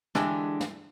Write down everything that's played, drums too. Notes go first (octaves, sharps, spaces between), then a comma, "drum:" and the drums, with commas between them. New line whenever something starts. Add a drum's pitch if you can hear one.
D3 E3 G#3 D4 G4, drum: snare
drum: snare